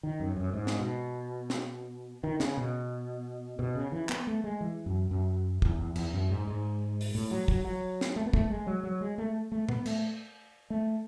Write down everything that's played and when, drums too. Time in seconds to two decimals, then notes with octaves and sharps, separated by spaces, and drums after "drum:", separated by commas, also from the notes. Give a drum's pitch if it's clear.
0.03 D#3
0.20 F#2
0.37 F#2
0.54 G#2
0.67 drum: snare
0.79 B2
1.50 drum: snare
2.24 D#3
2.40 C#3, drum: snare
2.57 B2
3.59 B2
3.75 C#3
3.92 E3
4.09 B3, drum: clap
4.27 A3
4.44 G#3
4.61 E3
4.86 F#2
5.11 F#2
5.62 E2, drum: kick
5.78 E2
5.96 E2, drum: cymbal
6.13 F#2
6.30 G#2
6.47 G#2
7.01 drum: open hi-hat
7.15 A2
7.31 F#3
7.48 F#3, drum: kick
7.65 F#3
8.01 drum: snare
8.16 A3
8.26 B3
8.33 A3, drum: kick
8.50 G#3
8.67 F#3
8.83 F#3
9.01 G#3
9.18 A3
9.52 A3
9.69 B3, drum: tom
9.86 A3, drum: cymbal
10.70 A3